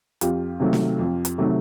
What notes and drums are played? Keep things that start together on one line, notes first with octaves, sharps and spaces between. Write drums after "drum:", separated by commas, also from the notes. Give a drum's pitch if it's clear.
F2 F4 G4, drum: hi-hat
C3 D#3 F#3 A3
drum: snare
F2
drum: hi-hat
C3 D#3 F#3 A3